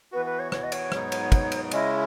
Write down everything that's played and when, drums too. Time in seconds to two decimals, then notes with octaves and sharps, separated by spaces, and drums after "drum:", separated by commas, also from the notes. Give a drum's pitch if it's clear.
0.12 E3 B3 F#4 B4
0.25 B4
0.39 C#5
0.52 C#5, drum: rim click
0.63 D#5
0.72 C#5, drum: cymbal
0.92 G#2 F#3 B3 D#4, drum: rim click
1.12 drum: cymbal
1.32 drum: kick, cymbal
1.52 drum: cymbal
1.71 C#3 G#3 C#4 E4 D#5, drum: cymbal